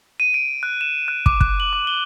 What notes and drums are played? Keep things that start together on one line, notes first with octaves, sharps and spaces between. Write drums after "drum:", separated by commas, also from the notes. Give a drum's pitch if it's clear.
D#7
D7
F#6
E7
F#6
D6, drum: kick
F#6, drum: kick
F#7
D6
G7